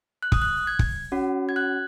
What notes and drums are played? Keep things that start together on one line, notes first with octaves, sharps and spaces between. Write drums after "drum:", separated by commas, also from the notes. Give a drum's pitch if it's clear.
F#6
D#6, drum: kick
F#6
G#6
drum: kick
C#4 F#4
G#6
F#6